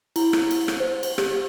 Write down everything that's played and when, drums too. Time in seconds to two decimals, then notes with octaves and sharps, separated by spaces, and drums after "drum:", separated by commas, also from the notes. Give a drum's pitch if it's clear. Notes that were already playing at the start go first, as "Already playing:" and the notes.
0.16 E4, drum: cymbal
0.33 drum: rim click
0.51 drum: cymbal
0.68 drum: rim click
0.80 C5
1.03 drum: cymbal
1.18 G4, drum: rim click